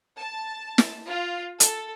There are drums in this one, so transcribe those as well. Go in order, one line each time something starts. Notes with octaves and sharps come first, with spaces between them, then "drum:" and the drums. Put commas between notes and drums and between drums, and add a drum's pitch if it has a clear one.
A5
drum: snare
F4
A4, drum: hi-hat